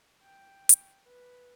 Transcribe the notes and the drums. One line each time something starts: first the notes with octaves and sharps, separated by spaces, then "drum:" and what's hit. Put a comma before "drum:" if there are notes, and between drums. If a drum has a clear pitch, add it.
G5
drum: hi-hat
B4